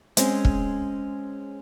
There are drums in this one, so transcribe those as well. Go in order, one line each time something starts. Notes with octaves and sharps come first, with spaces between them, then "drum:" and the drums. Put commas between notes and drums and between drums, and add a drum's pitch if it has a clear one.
G#3 C4 C#4 G#4, drum: hi-hat
drum: kick